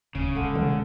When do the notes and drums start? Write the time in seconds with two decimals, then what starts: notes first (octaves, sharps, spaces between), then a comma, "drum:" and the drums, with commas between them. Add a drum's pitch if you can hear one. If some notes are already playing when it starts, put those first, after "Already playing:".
0.15 D1 C#3
0.35 C#2 D3 G#3
0.55 drum: tom